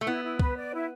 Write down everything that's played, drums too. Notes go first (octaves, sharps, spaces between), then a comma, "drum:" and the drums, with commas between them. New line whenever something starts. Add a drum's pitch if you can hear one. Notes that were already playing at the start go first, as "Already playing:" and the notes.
A3
B3 E4
E4
B4, drum: kick C#2
D5
E4